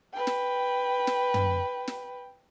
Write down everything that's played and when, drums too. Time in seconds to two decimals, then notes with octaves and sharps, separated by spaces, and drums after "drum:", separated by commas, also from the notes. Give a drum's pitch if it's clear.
0.14 B4 G5
0.27 drum: snare
1.07 drum: snare
1.34 drum: tom
1.88 drum: snare